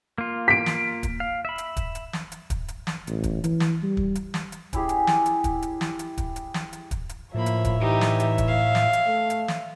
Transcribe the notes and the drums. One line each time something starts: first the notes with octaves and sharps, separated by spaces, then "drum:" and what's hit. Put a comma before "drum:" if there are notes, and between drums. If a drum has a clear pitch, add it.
A#3 F4
B6 D7
drum: snare
drum: kick, hi-hat
F5
E5 B5
drum: hi-hat
drum: kick, hi-hat
drum: hi-hat
drum: snare
drum: hi-hat
drum: kick, hi-hat
drum: hi-hat
drum: snare
A1, drum: hi-hat
drum: kick, hi-hat
E3, drum: hi-hat
drum: snare
G3
drum: kick
drum: hi-hat
drum: snare
drum: hi-hat
C#4 E4 G4 G#4, drum: kick, hi-hat
drum: hi-hat
drum: snare
drum: hi-hat
drum: kick, hi-hat
drum: hi-hat
drum: snare
drum: hi-hat
drum: kick, hi-hat
drum: hi-hat
drum: snare
drum: hi-hat
drum: kick, hi-hat
drum: hi-hat
A2 F3 A#3 C#5 E5 B5
drum: hi-hat
drum: kick, hi-hat
E3 D#4 G4
drum: snare
drum: hi-hat
drum: kick, hi-hat
F5
drum: snare
drum: hi-hat
A3
drum: hi-hat
drum: snare